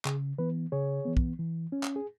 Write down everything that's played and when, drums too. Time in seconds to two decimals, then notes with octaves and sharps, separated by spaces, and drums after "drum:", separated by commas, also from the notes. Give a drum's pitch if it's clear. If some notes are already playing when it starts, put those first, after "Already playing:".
0.05 C#3 G#4, drum: clap
0.38 E3 B3 B4
0.72 C#3 G#4 C#5
1.05 E3 B3
1.17 drum: kick
1.39 E3
1.72 C#4
1.83 drum: clap
1.96 G#4